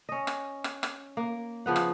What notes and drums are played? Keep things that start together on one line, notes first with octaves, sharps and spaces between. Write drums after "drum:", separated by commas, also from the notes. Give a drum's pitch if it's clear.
C#4 D#5
drum: rim click
drum: rim click
drum: rim click
A#3
C#3 F3 B3 F#5
drum: rim click